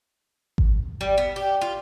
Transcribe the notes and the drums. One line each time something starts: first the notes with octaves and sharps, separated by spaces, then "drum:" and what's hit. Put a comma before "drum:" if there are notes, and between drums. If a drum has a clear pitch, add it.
drum: kick G#1
G3
B3
G4
F4